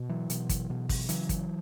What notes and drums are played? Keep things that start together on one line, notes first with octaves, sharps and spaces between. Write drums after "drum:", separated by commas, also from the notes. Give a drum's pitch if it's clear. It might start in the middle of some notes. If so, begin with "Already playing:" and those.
Already playing: B2
E3 F#3
B2, drum: hi-hat
drum: kick, hi-hat
B2
drum: kick, open hi-hat
C#3 E3 F#3, drum: hi-hat
drum: kick, hi-hat